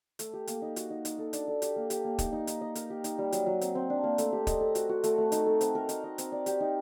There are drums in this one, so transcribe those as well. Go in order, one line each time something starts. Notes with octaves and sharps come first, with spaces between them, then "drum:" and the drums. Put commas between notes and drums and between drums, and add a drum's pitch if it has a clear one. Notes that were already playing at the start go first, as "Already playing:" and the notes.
A3, drum: hi-hat
G4
A#3, drum: hi-hat
D#4
F#4, drum: hi-hat
D#4
D#4, drum: hi-hat
A4
D4, drum: hi-hat
A4
G4, drum: hi-hat
A#3
G4, drum: hi-hat
A#3
D#4, drum: kick, hi-hat
D#4
D#4, drum: hi-hat
D#5
A#4, drum: hi-hat
G4
D#4, drum: hi-hat
G3
F#3, drum: hi-hat
F#3
C4, drum: hi-hat
C4
D4
A#3
A3, drum: hi-hat
G4
D#5, drum: kick, hi-hat
A4
F#4, drum: hi-hat
F#4
A3, drum: hi-hat
A3
D#4, drum: hi-hat
A4
C4, drum: hi-hat
A#4
D#4, drum: hi-hat
D#5
C4, drum: hi-hat
D5
G4, drum: hi-hat
D#4